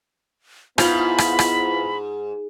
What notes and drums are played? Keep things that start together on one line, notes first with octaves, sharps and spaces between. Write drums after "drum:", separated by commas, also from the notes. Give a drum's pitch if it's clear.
G#2 B3 E4 F4 B5 G6 F7, drum: rim click
drum: rim click
drum: rim click